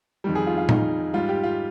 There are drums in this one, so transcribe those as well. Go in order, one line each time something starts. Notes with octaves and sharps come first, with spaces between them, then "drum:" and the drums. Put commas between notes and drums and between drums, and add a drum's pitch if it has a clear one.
F2 D#3 G3
G#4
F4
F4
D#4, drum: tom A#2
G#2 G3 F4
G4
F4